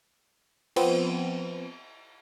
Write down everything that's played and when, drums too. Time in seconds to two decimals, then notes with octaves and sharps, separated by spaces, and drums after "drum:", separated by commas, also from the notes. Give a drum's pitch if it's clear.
0.76 F3 B3 C4, drum: cymbal